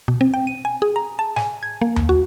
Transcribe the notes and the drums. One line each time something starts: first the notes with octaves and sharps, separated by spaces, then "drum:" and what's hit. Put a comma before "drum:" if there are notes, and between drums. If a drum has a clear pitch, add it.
B2
C4
G5
D#7
G#5
G#4
A#5
A5
G#5, drum: snare
G#6
A#3
drum: tom D#2
F#4